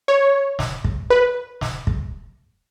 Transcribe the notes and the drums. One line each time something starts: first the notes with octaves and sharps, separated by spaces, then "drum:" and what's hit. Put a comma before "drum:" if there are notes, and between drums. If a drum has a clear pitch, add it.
C#5
drum: snare
drum: kick
B4
drum: snare
drum: kick